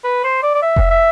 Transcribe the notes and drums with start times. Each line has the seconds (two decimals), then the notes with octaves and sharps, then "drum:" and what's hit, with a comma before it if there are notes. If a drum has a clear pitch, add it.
0.04 B4
0.24 C5
0.43 D5
0.54 D5
0.62 E5
0.76 drum: kick F1
0.90 E5